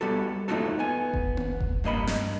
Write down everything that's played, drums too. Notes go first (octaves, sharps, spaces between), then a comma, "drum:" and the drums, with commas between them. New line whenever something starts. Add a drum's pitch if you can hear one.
G3 B3 F#4 A4
A3 A#3 D#4 F4 F#4 A4
B3 G#5
drum: kick F1
drum: tom A#3
drum: kick F1
G2 A#3 D#5 B5
drum: snare